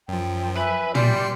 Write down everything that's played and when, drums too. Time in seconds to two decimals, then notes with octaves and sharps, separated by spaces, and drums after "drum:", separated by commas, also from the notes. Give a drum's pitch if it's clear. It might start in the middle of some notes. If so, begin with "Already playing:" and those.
0.08 F#2 F3 G5
0.56 B4 E5 G#5 B5
0.95 G3 D5 G5 C6 C7 C#7, drum: tom